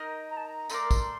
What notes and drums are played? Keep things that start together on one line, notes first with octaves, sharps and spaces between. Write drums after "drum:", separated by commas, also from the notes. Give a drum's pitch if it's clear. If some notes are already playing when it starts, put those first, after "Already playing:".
Already playing: D#4 A#4 D#5
A#5
A5
A#5
A3 D#4 A#4 D5 C6, drum: tambourine
drum: kick, tambourine